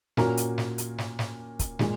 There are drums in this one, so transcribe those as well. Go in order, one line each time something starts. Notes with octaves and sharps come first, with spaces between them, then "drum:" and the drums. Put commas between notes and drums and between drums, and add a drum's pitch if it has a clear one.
A#2 A#3 C#4 F#4 A#4, drum: snare
drum: hi-hat
drum: snare
drum: hi-hat
drum: snare
drum: snare
drum: kick, hi-hat
A#2 G#3, drum: snare